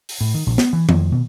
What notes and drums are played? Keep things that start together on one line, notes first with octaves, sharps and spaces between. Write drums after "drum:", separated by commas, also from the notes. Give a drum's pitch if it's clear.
drum: open hi-hat
A2
D#3
A#1
B3, drum: snare
E3
F2, drum: tom D#3
B2